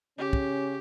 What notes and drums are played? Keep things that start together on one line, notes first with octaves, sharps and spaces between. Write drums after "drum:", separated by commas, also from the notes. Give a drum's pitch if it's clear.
C#3 C#4 G4
drum: kick